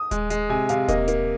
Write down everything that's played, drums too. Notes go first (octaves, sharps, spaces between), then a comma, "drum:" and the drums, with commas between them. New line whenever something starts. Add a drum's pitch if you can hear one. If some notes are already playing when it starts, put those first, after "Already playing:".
Already playing: D#6
G#3, drum: kick D#1, hi-hat
G#3, drum: hi-hat
C3 G#5
C3 F5, drum: hi-hat
A#3 D#5, drum: kick D#1, hi-hat
A#3, drum: hi-hat